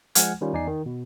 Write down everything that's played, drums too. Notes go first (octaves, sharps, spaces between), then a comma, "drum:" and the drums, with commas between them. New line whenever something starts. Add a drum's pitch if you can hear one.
F3 G#3 F#5 G#5 F6 G#6, drum: hi-hat
D#3 G3 C#4 F4
E2 D#4 D5 G#5 C7
D#3
B2